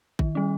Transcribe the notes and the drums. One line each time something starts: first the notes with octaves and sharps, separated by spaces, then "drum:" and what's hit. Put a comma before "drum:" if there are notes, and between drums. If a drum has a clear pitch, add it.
D#3, drum: kick A1
G3 C#4